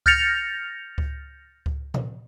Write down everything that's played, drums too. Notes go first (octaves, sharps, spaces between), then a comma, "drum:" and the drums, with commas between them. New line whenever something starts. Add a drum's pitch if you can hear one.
F6 G6 A6 A#6 C#7 F7, drum: kick C#2
drum: kick C#2
drum: kick C#2
drum: tom A#2